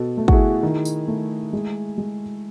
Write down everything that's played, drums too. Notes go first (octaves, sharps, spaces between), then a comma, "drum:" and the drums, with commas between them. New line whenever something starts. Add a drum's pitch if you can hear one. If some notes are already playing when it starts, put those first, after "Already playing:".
Already playing: B2 A4
A3
F#4, drum: kick
E4 G#4
D#3
drum: tambourine
A3
G#3
G#3